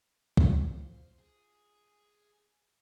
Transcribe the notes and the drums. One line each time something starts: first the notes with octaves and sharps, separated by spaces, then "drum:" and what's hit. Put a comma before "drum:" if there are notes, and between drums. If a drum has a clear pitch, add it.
F4 C5, drum: kick
G#4